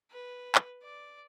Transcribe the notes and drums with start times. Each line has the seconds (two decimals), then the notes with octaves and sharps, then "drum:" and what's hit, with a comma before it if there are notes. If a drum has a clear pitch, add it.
0.11 B4
0.55 drum: clap
0.83 D5